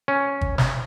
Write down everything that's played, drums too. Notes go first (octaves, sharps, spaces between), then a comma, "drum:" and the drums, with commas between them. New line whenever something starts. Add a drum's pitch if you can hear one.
C#4
drum: kick
drum: snare